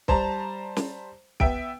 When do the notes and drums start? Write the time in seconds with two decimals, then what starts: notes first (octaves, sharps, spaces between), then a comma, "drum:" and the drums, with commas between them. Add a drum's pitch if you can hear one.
0.08 G3 C5 A5 A#5, drum: kick B1
0.77 drum: snare
1.40 B3 E5 G5 D7, drum: kick B1